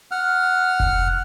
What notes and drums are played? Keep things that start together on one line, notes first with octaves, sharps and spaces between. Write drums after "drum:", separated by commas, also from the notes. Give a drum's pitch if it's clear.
F#5 F6
drum: kick F1